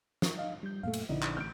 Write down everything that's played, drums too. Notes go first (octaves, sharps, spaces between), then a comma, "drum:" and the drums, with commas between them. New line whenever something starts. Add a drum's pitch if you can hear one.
A#4 C#6, drum: snare
D#5 F5
G3 G6
F#2 A#2 A3 F5
drum: cymbal
A#1 D3 D#4 E4 D#5
drum: clap
A1 F6 G6 D7